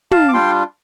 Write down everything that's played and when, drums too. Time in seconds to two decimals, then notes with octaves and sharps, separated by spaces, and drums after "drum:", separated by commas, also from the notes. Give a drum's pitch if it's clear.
0.11 F5 A5, drum: tom
0.28 D6
0.33 G3 D4 F4 G5 C6